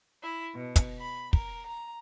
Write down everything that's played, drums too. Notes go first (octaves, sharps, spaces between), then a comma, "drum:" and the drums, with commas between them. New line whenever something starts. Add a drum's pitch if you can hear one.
E4
B2
drum: kick, hi-hat
B5
A#4, drum: kick
A#5